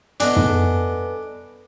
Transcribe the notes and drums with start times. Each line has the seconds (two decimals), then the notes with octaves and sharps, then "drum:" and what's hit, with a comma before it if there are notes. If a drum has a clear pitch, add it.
0.20 B3 D4 A4 D#5 G#5, drum: hi-hat
0.36 drum: tom